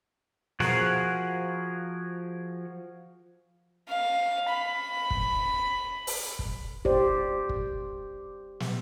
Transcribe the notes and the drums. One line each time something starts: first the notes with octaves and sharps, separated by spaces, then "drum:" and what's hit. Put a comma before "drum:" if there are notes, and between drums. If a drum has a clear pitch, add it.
F3 F#4 G#4 A#4 F#5, drum: snare
F5
B5
drum: kick
drum: open hi-hat
drum: kick
G4 C5 D5, drum: kick
drum: kick
drum: snare